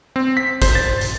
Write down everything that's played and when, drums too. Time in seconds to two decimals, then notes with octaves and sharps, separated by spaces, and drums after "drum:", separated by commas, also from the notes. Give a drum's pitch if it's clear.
0.16 C4
0.37 B6
0.62 C5, drum: kick, hi-hat
0.75 A6
1.01 drum: hi-hat